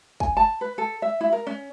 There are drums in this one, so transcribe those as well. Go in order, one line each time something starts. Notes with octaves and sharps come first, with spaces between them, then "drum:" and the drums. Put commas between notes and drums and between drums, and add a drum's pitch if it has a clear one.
G#5, drum: kick
A5
B4
A4
E5
E4
A#4
C#4